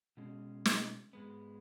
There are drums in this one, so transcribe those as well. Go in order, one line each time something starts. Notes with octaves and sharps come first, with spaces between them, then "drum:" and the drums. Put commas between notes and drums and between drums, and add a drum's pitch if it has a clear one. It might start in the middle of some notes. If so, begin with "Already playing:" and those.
B2 G#3 C#4
drum: snare
G#2 G#3 B3